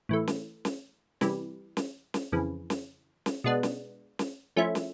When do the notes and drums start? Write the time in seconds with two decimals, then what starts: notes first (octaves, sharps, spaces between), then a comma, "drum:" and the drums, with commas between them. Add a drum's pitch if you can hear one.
0.09 A2 E3 A3
0.27 drum: snare
0.65 drum: snare
1.21 C3 E3 G3, drum: snare
1.77 drum: snare
2.14 drum: snare
2.32 F2 C#3 E3
2.70 drum: snare
3.26 drum: snare
3.44 B2 G#3 B3 D4
3.63 drum: snare
4.19 drum: snare
4.56 F3 A3 C#4 E4
4.75 drum: snare